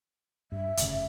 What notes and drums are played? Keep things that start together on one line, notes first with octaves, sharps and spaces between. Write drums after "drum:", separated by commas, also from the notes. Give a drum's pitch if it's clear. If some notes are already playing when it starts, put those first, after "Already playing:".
G2 E5
F1 C#3, drum: hi-hat